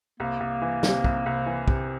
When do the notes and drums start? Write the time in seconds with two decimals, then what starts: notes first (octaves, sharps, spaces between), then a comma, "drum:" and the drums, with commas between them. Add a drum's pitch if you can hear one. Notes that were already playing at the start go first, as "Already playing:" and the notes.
0.20 C2 A#3
0.40 C2
0.62 E3
0.83 C3, drum: snare
1.04 C2, drum: kick
1.26 C2
1.46 E3
1.68 C3, drum: kick